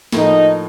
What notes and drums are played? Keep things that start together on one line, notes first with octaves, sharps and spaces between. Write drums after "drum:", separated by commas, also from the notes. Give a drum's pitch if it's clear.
A2 F3 A#3 D#4, drum: snare